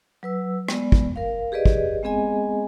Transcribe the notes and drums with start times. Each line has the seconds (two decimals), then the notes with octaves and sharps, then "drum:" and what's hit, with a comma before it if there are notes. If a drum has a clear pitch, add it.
0.23 F#3 B4 E6
0.68 G#3 B3 D5, drum: rim click
0.92 drum: kick
1.16 A#4 F5
1.52 G4 G#4 B4 D5 D#5
1.65 drum: kick
2.03 G#3 B3 C4 G#4 D#5 G#5